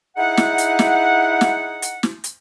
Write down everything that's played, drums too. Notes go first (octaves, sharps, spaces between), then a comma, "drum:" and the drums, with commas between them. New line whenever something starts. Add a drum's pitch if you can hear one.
D#4 E4 G#4 F#5
drum: snare
drum: hi-hat
drum: snare
drum: snare
drum: hi-hat
drum: snare
drum: hi-hat